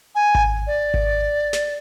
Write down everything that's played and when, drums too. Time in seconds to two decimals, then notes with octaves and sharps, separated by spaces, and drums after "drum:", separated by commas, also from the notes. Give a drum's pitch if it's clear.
0.15 G#5
0.35 drum: kick G#1
0.67 D5
0.94 drum: kick G#1
1.53 drum: snare